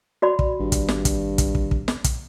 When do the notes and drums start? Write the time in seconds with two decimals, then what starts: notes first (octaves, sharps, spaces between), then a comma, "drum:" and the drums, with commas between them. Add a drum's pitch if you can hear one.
0.22 F#4 D5 B5
0.39 drum: kick
0.60 G#1 G2
0.72 drum: kick, hi-hat
0.88 drum: snare
1.05 drum: kick, hi-hat
1.38 drum: kick, hi-hat
1.55 drum: kick
1.71 drum: kick
1.88 drum: snare
2.04 drum: kick, hi-hat